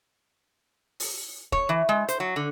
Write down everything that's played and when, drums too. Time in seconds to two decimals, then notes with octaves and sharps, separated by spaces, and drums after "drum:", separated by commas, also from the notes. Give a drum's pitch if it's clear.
1.00 drum: open hi-hat
1.52 C#5, drum: kick
1.69 E3
1.89 G#3
2.09 C5, drum: hi-hat
2.20 F#3
2.36 D3